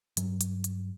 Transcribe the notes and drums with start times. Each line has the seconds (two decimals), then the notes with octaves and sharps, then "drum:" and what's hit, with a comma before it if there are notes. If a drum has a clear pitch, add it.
0.17 G2 F#3, drum: hi-hat
0.41 drum: hi-hat
0.64 drum: hi-hat